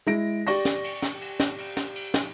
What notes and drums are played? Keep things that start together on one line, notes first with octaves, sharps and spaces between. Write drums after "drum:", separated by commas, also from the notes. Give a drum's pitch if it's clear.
G#3 E4 A#6 D7
G4 D5 C#6 A#6, drum: cymbal
drum: snare
drum: cymbal
drum: snare
drum: cymbal
drum: snare
drum: cymbal
drum: snare
drum: cymbal
drum: snare